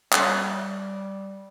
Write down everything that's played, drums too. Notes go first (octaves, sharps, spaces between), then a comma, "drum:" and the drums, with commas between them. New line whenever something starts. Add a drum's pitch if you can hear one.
G3, drum: clap